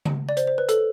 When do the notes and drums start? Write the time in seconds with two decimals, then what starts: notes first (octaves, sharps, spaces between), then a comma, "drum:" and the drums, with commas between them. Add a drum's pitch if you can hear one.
0.05 drum: tom C#3
0.29 D5
0.37 C5, drum: hi-hat
0.47 C5
0.58 B4
0.69 A4, drum: hi-hat